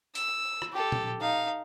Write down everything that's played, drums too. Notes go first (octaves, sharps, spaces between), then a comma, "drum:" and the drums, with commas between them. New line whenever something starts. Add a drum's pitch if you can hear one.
E6, drum: hi-hat
drum: rim click
G4 A4
drum: tom
D#4 F5